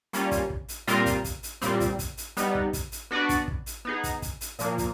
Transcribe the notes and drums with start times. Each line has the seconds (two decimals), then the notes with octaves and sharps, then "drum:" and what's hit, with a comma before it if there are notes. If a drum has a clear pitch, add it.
0.13 G3 A#3 C#4 F4, drum: hi-hat
0.31 drum: kick, hi-hat
0.50 drum: kick
0.69 drum: hi-hat
0.87 A#2 G3 C4 F4 A#4, drum: hi-hat
1.06 drum: kick, hi-hat
1.24 drum: kick, hi-hat
1.43 drum: hi-hat
1.62 A#2 G3 C4, drum: hi-hat
1.80 drum: kick, hi-hat
1.99 drum: kick, hi-hat
2.17 drum: hi-hat
2.37 G3 B3 D#4, drum: hi-hat
2.55 drum: kick
2.73 drum: kick, hi-hat
2.92 drum: hi-hat
3.11 B3 D4 F#4 B4 D5
3.29 drum: kick, hi-hat
3.48 drum: kick
3.66 drum: hi-hat
3.85 B3 D#4 G#4
4.04 drum: kick, hi-hat
4.22 drum: kick, hi-hat
4.41 drum: hi-hat
4.59 A#2 F3 A#3, drum: hi-hat
4.78 drum: kick, hi-hat